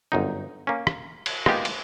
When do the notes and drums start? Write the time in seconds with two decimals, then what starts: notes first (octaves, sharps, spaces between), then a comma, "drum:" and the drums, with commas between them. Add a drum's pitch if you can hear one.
0.12 G1 F#2 D#4
0.67 A#3 C#4
0.87 drum: rim click
1.26 drum: cymbal
1.46 G#3 A#3 B3 D#4 F4 G4, drum: rim click
1.65 drum: cymbal